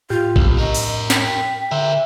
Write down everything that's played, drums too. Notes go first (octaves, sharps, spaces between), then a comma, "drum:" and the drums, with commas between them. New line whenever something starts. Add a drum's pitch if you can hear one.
A2 F4 G4
B1, drum: kick A1
A#4 C#5 D#5
drum: open hi-hat
G5 B6, drum: snare
D3 A#4 C5 E5